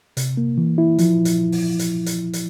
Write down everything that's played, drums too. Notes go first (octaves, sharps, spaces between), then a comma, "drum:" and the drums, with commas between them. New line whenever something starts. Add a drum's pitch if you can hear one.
C3, drum: hi-hat
A#3
E3
E4
F3, drum: hi-hat
drum: hi-hat
drum: open hi-hat
drum: hi-hat
drum: hi-hat
drum: hi-hat